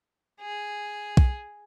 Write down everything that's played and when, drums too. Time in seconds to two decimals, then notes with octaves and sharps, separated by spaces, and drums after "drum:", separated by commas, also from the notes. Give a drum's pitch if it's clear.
0.41 G#4
1.17 drum: kick